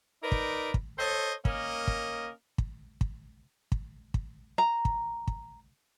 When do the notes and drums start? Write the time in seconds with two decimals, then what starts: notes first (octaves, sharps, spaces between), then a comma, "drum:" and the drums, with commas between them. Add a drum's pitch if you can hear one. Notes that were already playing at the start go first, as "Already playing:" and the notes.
0.23 D#4 A#4 B4 D5
0.32 drum: kick
0.74 drum: kick
0.99 A4 C5 C#5 D#5
1.45 A#3 C#4 A#4 D#5, drum: kick
1.87 drum: kick
2.58 drum: kick
3.01 drum: kick
3.72 drum: kick
4.14 drum: kick
4.58 A#5
4.85 drum: kick
5.27 drum: kick